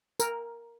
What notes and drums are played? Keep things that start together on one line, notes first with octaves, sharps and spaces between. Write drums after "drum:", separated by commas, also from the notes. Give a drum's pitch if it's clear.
A#4, drum: tambourine